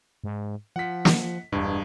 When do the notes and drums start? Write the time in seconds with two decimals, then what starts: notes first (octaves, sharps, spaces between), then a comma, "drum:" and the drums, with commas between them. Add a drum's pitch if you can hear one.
0.24 G#2
0.76 F3 F#5 B6
1.05 drum: snare
1.52 E1 E2 G2